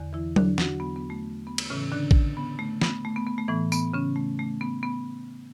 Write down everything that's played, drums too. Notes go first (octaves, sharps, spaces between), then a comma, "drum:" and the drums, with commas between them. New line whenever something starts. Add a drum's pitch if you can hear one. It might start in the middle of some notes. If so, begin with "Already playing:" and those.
Already playing: E2 D3
E3 E4
D3 D4, drum: tom F#3
F#3 F#4, drum: snare
B3
B3
A3
B3
drum: cymbal
A2 C#3 E3 C#4
D3 D4
drum: kick
B3
A3
B3, drum: snare
A3
B3
B3
A3
A2 E3 B3
B3, drum: tambourine
C#3 C#4
A3
A3
B3
B3